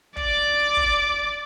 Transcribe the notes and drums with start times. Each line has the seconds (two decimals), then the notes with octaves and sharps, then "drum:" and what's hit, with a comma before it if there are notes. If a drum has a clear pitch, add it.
0.17 D5 D6, drum: kick
0.77 drum: kick